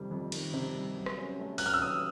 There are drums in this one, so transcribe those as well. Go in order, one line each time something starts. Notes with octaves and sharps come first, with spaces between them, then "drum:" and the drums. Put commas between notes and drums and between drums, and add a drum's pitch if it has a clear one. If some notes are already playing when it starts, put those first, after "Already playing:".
Already playing: F2 C3 D#3 G3
F2
D#3, drum: cymbal
C3
G3
F#3
drum: rim click
C#4
A3
F#3 F#6, drum: open hi-hat
F6
E6
F#3 D#6